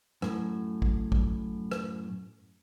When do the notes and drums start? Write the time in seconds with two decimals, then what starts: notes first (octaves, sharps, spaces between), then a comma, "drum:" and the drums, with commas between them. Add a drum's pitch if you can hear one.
0.22 F#2 A2, drum: rim click
0.82 drum: kick A1
1.12 drum: kick A1
1.72 drum: rim click